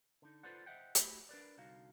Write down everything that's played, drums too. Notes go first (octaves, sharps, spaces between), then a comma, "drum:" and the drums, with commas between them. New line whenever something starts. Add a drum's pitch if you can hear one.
D3 D#4
F4 A4 B4 C5 D5 F#5
C5 D#5 E5 F#5 G5
A3 E4 F#4 G4, drum: hi-hat
D4 A#4 B4 D5
C2 D3 D#4 F#4 F5